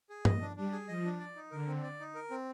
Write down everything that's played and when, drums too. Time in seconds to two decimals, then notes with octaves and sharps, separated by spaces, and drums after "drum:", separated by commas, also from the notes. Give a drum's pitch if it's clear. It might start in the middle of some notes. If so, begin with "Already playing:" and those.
0.10 G#4
0.25 D#5, drum: tom G2
0.41 D4
0.56 G3 D4
0.72 G#4
0.88 F3 D#5
1.05 D4
1.19 D5
1.35 D#4
1.51 D3 A#4
1.67 C4
1.83 D5
2.00 D#4
2.15 A#4
2.30 C4